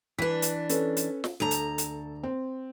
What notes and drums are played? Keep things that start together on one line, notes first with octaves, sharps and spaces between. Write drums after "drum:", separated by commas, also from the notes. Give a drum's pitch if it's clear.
E3 D4 B4 B6
drum: hi-hat
C#4 A4 B4, drum: hi-hat
drum: hi-hat
drum: snare
D2 A4 A5 A#5
drum: hi-hat
drum: hi-hat
C4